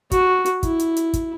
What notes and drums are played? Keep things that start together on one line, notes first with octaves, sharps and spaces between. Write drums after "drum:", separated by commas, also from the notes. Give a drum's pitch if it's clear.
F#4, drum: kick, hi-hat
drum: hi-hat
E4, drum: kick, hi-hat
drum: hi-hat
drum: hi-hat
drum: kick, hi-hat